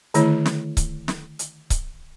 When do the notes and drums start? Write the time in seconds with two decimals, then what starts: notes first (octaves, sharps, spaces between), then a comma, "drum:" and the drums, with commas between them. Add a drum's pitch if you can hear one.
0.14 D3 D#3 A3 E4 C#5, drum: hi-hat
0.46 drum: snare
0.77 drum: kick C#1, hi-hat
1.08 drum: snare
1.39 drum: hi-hat
1.70 drum: kick C#1, hi-hat